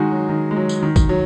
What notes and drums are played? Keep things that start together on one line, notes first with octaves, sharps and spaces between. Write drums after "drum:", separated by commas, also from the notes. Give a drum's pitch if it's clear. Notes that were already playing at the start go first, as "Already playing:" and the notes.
Already playing: D#3 G#3 D#4 F#4 G#4
F#3
D#3
G#3
F#3
drum: tambourine
D#3
drum: kick, tambourine
F#3